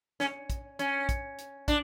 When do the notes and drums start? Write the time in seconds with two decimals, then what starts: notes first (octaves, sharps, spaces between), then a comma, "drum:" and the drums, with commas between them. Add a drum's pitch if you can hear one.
0.20 C#4, drum: snare
0.50 drum: kick, hi-hat
0.79 C#4, drum: hi-hat
1.09 drum: kick, hi-hat
1.38 drum: hi-hat
1.68 D4, drum: kick, hi-hat